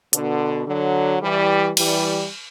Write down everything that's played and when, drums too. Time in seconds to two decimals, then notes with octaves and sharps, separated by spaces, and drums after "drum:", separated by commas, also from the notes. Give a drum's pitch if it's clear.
0.13 B2 D3, drum: hi-hat
0.67 D3 F#3
1.22 E3 G3
1.77 E3 G3, drum: cymbal